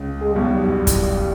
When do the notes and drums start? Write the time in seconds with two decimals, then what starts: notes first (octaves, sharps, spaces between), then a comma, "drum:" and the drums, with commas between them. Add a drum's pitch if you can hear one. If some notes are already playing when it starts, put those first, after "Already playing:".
Already playing: C#2 C#3
0.21 G#3
0.32 B1 B2 G3
0.42 F#3
0.53 G3
0.65 E2 E3
0.87 drum: kick, hi-hat